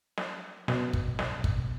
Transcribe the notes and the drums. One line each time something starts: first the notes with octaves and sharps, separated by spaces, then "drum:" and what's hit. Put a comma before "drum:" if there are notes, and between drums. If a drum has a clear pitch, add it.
drum: snare
B2, drum: snare
drum: kick
drum: snare
drum: kick